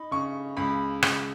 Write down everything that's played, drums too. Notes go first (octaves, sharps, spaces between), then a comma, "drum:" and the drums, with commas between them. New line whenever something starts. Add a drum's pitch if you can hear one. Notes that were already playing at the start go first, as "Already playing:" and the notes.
Already playing: D#4 B5
C#3 C#6
C#2 B5
C#2, drum: rim click